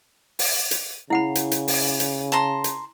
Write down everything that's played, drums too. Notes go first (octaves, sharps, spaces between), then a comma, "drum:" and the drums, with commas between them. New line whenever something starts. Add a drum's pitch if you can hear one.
drum: open hi-hat
drum: hi-hat
C#3 E4 F#5 B5
drum: hi-hat
drum: hi-hat
drum: open hi-hat
drum: hi-hat
A5 A#5 C6
drum: hi-hat